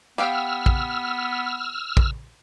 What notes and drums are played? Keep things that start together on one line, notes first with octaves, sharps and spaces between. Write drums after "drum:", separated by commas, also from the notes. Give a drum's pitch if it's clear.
B3 G4 F5 G5 E6 F6
drum: kick
drum: kick